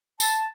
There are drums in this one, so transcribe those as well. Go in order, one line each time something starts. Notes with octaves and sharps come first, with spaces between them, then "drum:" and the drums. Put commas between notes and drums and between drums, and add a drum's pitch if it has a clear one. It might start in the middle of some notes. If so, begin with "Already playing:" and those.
A5, drum: tambourine